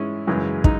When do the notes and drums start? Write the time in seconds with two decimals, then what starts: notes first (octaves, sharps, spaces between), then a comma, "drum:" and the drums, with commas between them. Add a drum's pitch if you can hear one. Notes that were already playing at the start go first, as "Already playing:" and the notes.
Already playing: G#2 E3 G#3 C#4 E4 G#4
0.27 F#2 C#3 E3 G#3
0.64 D#4, drum: kick